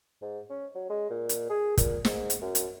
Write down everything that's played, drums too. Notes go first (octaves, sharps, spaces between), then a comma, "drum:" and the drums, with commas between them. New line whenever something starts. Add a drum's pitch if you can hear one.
G#2
C#4
F#3
G#3
A#2
drum: hi-hat
G#4
A#2, drum: kick, hi-hat
G#2, drum: snare
drum: hi-hat
F#2
drum: hi-hat